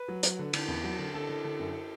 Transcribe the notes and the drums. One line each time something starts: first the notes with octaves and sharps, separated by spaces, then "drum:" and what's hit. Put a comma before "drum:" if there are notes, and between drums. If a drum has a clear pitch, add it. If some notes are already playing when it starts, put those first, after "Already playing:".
Already playing: B4
F#3
F#3, drum: hi-hat
D3
D3, drum: cymbal
E2
F#3
D3
D3 A4
D3
D3
F#2